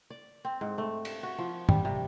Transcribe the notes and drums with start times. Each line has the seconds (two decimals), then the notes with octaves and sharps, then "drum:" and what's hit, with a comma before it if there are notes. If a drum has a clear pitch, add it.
0.10 D5
0.45 C4
0.61 G#2
0.78 A3
1.05 drum: cymbal
1.23 F#4
1.38 F3
1.69 G3, drum: tom
1.85 C3